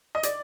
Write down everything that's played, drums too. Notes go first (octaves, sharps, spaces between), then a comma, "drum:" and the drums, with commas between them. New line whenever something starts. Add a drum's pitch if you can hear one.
D#5
D5, drum: hi-hat